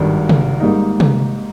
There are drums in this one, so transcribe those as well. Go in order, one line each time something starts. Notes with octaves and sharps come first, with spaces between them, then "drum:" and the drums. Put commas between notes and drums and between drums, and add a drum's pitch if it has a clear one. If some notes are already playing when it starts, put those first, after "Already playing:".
Already playing: G#1 G2 D#3
drum: tom C3
G#2 G3 A#3 D#4
drum: tom C3